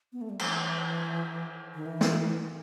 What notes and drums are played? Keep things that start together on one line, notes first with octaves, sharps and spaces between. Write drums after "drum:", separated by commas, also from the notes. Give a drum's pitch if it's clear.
B3
A3
G3
F3, drum: cymbal
E3
D#3
E3
drum: snare